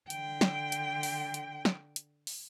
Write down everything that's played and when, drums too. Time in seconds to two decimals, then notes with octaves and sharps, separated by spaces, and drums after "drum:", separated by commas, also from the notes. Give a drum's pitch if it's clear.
0.10 D3 G5, drum: hi-hat
0.41 drum: snare
0.72 drum: hi-hat
1.03 drum: open hi-hat
1.34 drum: hi-hat
1.65 drum: snare
1.96 drum: hi-hat
2.27 drum: open hi-hat